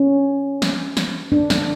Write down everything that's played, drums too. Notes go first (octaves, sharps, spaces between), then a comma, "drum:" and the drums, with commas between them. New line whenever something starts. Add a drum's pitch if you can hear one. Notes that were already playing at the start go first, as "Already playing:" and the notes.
Already playing: C#4
drum: snare
drum: snare
D4
D4, drum: snare